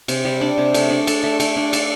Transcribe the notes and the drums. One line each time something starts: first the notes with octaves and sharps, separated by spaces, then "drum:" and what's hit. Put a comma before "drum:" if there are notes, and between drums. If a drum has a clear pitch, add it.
C3, drum: cymbal
G3
D4
C3
A3, drum: cymbal
D4
A4, drum: cymbal
A3
A3, drum: cymbal
D4
A4, drum: cymbal